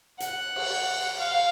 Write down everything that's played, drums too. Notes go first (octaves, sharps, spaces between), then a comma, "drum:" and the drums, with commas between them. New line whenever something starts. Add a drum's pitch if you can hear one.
F#5, drum: hi-hat
drum: cymbal
F5